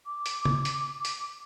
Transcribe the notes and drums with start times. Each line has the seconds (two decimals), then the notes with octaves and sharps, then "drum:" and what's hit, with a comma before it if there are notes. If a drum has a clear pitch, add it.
0.06 D6
0.26 drum: hi-hat
0.45 drum: tom
0.65 drum: hi-hat
1.05 drum: hi-hat